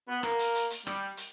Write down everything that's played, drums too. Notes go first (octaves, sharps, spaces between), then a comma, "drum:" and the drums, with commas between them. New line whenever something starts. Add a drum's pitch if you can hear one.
B3
A#3, drum: rim click
drum: hi-hat
drum: hi-hat
drum: hi-hat
G3, drum: rim click
drum: hi-hat